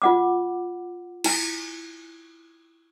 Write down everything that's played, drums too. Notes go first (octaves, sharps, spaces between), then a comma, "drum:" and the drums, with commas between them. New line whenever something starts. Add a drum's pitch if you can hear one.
F4 F#5 D6
E4 G#5, drum: cymbal